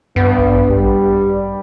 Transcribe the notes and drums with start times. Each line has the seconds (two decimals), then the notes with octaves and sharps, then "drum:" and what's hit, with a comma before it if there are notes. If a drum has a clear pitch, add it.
0.16 G2 B3
0.38 drum: kick A1
0.69 G3, drum: kick A1